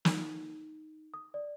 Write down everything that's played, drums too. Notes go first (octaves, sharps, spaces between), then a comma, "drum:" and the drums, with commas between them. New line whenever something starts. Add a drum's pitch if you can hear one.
D#4, drum: snare
D#6
D5